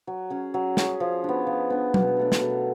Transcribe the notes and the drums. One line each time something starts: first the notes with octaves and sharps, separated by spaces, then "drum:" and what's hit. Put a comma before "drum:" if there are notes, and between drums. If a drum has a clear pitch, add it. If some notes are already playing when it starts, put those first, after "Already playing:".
F#3
C#4 G#4
F#3
C#4 G#4, drum: snare
F3
B3 D4
F3
B3 D4
B2, drum: tom F#3
F#3 A3 D4
drum: snare
B2